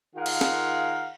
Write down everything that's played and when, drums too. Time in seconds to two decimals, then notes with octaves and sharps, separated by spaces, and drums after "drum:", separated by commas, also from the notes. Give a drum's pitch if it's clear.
0.15 D#3 F4 G#4 A#4 F5 F#5
0.26 drum: cymbal
0.41 drum: snare